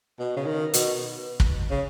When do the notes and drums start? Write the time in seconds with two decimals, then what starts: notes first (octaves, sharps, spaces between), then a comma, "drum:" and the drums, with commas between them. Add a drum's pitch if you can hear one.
0.20 B2
0.36 C#3
0.46 D#3
0.74 B2, drum: hi-hat
1.40 drum: kick
1.70 C#3